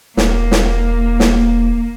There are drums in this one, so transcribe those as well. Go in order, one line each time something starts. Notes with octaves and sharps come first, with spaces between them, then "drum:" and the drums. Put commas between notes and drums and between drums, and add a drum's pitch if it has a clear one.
E1 A#3, drum: snare
drum: snare
drum: snare